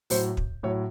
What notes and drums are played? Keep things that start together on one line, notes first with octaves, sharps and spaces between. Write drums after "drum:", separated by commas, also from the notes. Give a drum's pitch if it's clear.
A2 F#3 C5, drum: open hi-hat
drum: kick
A2 F#3 C#5